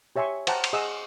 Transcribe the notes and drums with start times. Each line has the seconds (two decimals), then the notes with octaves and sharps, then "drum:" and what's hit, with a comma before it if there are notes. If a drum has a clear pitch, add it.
0.16 G4 C#5 E5 G#5 C6 C#6
0.47 C5 F#5 G5 A5 A#5, drum: cymbal
0.64 drum: cymbal
0.73 G#4 D#5 F#5 D#6 E6